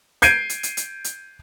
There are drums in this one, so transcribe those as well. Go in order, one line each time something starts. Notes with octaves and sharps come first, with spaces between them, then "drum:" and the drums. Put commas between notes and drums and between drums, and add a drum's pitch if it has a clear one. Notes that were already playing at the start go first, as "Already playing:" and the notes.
G6 G#6 C7 D7 D#7, drum: hi-hat
drum: hi-hat
drum: hi-hat
drum: hi-hat
drum: hi-hat